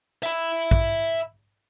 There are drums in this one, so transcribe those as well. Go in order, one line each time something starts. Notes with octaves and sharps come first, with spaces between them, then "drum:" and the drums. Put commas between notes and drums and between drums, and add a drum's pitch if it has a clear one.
E5 B5, drum: hi-hat
drum: kick